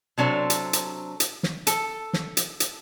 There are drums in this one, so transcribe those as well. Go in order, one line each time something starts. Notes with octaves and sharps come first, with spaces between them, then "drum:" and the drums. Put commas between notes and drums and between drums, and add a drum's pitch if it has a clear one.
C3 F#3 D4 A4 C5
drum: hi-hat
drum: hi-hat
drum: hi-hat
drum: snare
A4, drum: hi-hat
drum: snare
drum: hi-hat
drum: hi-hat